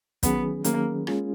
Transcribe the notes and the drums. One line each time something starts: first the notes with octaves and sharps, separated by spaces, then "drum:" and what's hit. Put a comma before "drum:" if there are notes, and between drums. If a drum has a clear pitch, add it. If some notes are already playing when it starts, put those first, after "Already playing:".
D#3 F#3 B3 C#4 G#4, drum: kick, hi-hat
D#3 F#3 A#3 C#4 G#4, drum: hi-hat
G#3 C#4 F4 G#4, drum: rim click